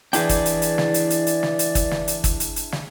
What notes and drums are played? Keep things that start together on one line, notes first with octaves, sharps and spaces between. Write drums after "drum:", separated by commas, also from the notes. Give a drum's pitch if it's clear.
E3 D4 E4 G#4 B4 D5 G5, drum: hi-hat
drum: kick, hi-hat
drum: hi-hat
drum: hi-hat
drum: snare
drum: hi-hat
drum: hi-hat
drum: hi-hat
drum: snare
drum: hi-hat
drum: kick, hi-hat
drum: snare
drum: hi-hat
drum: kick, hi-hat
drum: hi-hat
drum: hi-hat
drum: snare